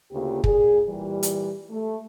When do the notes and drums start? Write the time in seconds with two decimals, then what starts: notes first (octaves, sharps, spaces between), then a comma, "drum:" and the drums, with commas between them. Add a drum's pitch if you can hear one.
0.12 D2 C#3 A#3 F4 G4
0.44 A#2 G#4, drum: kick
0.87 A#2 E3 G3
1.23 drum: hi-hat
1.70 A3